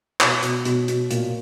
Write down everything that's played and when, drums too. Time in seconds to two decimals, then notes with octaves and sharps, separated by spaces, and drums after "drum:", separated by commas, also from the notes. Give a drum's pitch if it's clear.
0.21 B2 C#5, drum: clap
0.43 B2, drum: hi-hat
0.65 B2, drum: hi-hat
0.88 B2, drum: hi-hat
1.11 A#2, drum: hi-hat